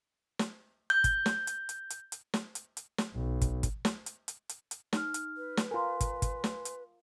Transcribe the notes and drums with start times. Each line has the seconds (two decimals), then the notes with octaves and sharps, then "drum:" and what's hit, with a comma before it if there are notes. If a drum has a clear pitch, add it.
0.39 drum: snare
0.90 G6
1.04 drum: kick, hi-hat
1.26 drum: snare
1.47 drum: hi-hat
1.69 drum: hi-hat
1.90 drum: hi-hat
2.12 drum: hi-hat
2.34 drum: snare
2.55 drum: hi-hat
2.77 drum: hi-hat
2.98 drum: snare
3.14 B1
3.41 drum: kick, hi-hat
3.63 drum: kick, hi-hat
3.85 drum: snare
4.06 drum: hi-hat
4.28 drum: hi-hat
4.49 drum: hi-hat
4.71 drum: hi-hat
4.93 D#4 F6, drum: snare
5.14 drum: hi-hat
5.37 B4
5.57 drum: snare
5.71 F4 A#4 G#5 C6
6.01 drum: kick, hi-hat
6.22 drum: kick, hi-hat
6.44 drum: snare
6.65 drum: hi-hat